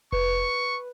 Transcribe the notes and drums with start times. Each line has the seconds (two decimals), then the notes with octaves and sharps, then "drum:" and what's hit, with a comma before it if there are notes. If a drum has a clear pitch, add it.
0.12 B4 C#6, drum: kick F1